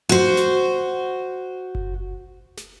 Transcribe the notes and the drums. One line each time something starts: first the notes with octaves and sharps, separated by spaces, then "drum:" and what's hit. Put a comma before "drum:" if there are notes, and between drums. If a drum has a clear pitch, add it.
F#4 C5
drum: snare
drum: kick F#1
drum: snare